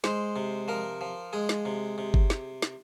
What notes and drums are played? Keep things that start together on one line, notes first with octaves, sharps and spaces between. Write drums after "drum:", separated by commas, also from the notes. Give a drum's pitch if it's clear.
G#3 C5, drum: snare
C3
F3 A#4
F3
G#3 G#4
drum: snare
C3
C3
drum: kick G1
drum: snare
drum: snare